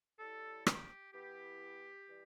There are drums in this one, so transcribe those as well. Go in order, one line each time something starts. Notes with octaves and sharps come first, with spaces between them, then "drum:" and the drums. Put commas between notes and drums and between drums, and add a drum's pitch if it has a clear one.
A2 G3 E4 A4
G4, drum: rim click
E3 B3 E4 G4
E3 G3